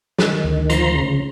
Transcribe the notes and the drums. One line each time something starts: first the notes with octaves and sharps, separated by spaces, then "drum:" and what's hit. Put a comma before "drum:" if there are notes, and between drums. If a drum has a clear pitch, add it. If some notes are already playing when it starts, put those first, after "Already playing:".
D#3, drum: snare
D2
F3 A#5 C6, drum: hi-hat
C#3